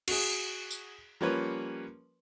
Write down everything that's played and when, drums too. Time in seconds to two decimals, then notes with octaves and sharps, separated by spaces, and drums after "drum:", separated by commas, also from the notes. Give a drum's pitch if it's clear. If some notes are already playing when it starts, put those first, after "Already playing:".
0.08 F#4 G#4, drum: cymbal
0.71 drum: tambourine
1.21 F3 G3 A#3 C#4 B4 C#5